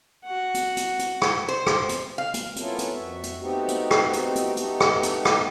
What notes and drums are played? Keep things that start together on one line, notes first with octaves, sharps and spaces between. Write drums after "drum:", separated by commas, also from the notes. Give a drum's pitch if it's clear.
F#4 F#5
drum: hi-hat
drum: hi-hat
drum: hi-hat
drum: rim click
C5
drum: rim click
drum: hi-hat
F5
drum: hi-hat
B3 C#4 E4 F4 A4 A#4, drum: hi-hat
drum: hi-hat
F2 F#4 E5
drum: hi-hat
A3 B3 C4 D#4 F#4 G4
drum: hi-hat
drum: rim click
drum: hi-hat
drum: hi-hat
A3 B3 D#4 F#4 G4 A4, drum: hi-hat
drum: rim click
drum: hi-hat
drum: rim click